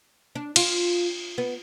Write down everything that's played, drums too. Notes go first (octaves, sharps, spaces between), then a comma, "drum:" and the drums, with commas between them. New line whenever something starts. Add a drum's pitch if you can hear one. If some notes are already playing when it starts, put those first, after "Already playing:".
D4
F4, drum: cymbal
B3